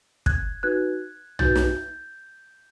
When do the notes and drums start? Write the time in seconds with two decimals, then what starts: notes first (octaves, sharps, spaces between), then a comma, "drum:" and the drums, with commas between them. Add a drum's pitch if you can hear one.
0.26 F#6 G#6, drum: kick
0.63 D#4 F#4 B4 F#6 G#6
1.39 D#4 F#4 B4 G6 A6, drum: tom
1.55 drum: snare